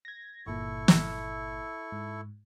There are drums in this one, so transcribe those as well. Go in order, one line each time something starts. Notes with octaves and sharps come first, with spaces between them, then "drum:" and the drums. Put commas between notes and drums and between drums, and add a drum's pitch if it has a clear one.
G#6 A#6
G1 A#2 E4 A4 C#6
drum: snare
G#2